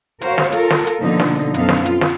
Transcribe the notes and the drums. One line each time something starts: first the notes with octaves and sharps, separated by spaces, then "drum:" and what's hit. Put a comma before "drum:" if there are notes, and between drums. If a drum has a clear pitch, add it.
F#4 A#4 C5 C#5 F5, drum: hi-hat
drum: snare
F4 A4 A#4, drum: hi-hat
drum: snare
drum: hi-hat
B2 D3 F3 A#3 D#4
drum: snare
F#2 B3 C4 D#4 A4 F5, drum: hi-hat
drum: snare
F4, drum: hi-hat
drum: snare